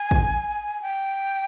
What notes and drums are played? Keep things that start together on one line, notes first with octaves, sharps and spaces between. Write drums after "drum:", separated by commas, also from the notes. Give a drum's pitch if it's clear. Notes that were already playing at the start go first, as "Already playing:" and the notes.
Already playing: G#5
drum: kick
G5